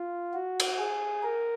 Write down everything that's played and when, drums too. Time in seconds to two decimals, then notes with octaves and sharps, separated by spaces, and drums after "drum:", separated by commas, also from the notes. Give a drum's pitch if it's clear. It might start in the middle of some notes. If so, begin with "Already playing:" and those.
Already playing: F4
0.34 F#4
0.60 drum: cymbal
0.78 G#4
1.23 A#4